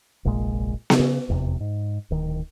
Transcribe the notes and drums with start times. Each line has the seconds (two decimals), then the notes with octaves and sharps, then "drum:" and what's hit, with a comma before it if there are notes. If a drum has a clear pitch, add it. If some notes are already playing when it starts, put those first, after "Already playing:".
0.25 F1 A#1 A#2 G#3
0.90 drum: snare B3
0.99 C#3
1.29 F1 E2 C3
1.60 G#2
2.10 D1 D#3